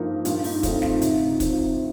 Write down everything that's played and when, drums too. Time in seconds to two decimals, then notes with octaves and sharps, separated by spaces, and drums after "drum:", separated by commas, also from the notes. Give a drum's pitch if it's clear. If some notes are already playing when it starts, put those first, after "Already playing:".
Already playing: G2 F3 A#3 D#4
0.25 G2 F4, drum: hi-hat
0.44 D#4, drum: open hi-hat
0.63 F3 A3 C4 D#4, drum: kick, hi-hat
0.82 F4, drum: snare
1.02 C3 D#4, drum: hi-hat
1.27 D#4
1.40 F3 C4, drum: kick, hi-hat
1.53 F4